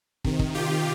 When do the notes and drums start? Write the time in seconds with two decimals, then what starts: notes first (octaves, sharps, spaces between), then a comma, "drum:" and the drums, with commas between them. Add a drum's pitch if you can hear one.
0.24 C3 D#3, drum: kick
0.39 drum: kick
0.54 F4 G4